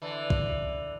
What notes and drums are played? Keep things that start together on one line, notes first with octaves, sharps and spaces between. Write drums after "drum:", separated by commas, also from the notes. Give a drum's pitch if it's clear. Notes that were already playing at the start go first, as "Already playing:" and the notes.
D3 E3
drum: kick